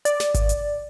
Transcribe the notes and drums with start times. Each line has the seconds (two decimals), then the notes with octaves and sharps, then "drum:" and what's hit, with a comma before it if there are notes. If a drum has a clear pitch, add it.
0.05 D5, drum: hi-hat
0.20 drum: snare
0.34 drum: kick G#1, hi-hat
0.49 drum: hi-hat